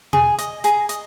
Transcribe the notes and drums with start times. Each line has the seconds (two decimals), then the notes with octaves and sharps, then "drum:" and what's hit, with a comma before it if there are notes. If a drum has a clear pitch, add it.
0.13 G#4, drum: tom B2
0.38 D#5, drum: hi-hat
0.64 G#4 A#5, drum: hi-hat
0.89 D#5, drum: hi-hat